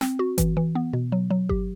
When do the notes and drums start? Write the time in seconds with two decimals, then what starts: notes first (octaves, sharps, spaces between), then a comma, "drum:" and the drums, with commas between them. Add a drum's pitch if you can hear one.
0.01 C4, drum: snare
0.19 F#4
0.38 E3, drum: kick G1, hi-hat
0.57 E3
0.75 B3
0.93 B2
1.12 F#3
1.30 F#3
1.49 G4, drum: kick G1